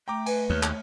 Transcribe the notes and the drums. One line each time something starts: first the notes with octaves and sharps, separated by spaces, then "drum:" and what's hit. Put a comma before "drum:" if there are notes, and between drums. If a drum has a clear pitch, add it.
A3 G5 A#5 D6
B4 G#5, drum: cymbal
D#2 C#5 F6
drum: clap